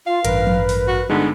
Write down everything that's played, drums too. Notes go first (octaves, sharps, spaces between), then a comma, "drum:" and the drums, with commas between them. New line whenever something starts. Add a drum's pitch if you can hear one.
F4 F5
A1 G2 A#4 B4, drum: hi-hat
drum: tom F3
drum: open hi-hat
F#4
G2 D3 G#3 B3 D#4